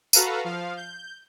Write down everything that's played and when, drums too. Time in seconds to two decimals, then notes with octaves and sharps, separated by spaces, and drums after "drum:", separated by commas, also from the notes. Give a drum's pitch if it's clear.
0.13 F#4 A4 B4 F5 A#5, drum: tambourine
0.44 F3 F5
0.77 G6